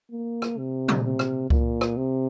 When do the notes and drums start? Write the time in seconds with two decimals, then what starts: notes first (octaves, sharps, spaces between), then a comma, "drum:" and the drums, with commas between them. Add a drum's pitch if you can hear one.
0.11 A#3
0.42 drum: rim click
0.58 C3
0.88 drum: tom
1.04 C3
1.19 drum: rim click
1.50 A#2, drum: kick C#2
1.81 drum: rim click
1.97 C3